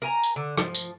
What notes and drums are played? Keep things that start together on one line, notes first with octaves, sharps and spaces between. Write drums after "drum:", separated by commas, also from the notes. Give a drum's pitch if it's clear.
A#4 G#5 A#5
drum: tambourine
D3
F3, drum: rim click
drum: tambourine